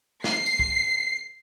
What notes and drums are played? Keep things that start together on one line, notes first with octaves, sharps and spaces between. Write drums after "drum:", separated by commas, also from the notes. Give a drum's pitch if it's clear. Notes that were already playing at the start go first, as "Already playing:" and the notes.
C7, drum: snare
drum: tambourine
drum: kick